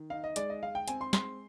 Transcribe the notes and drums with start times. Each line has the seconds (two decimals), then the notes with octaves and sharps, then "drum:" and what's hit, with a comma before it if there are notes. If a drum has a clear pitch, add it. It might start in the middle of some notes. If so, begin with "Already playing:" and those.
Already playing: D#3
0.10 D#4 F5
0.24 D#5
0.36 G#3 D5, drum: hi-hat
0.50 D#5
0.63 G#3 F5
0.75 G5
0.88 C4 G#5, drum: hi-hat
1.01 C6
1.13 G#3 C6, drum: snare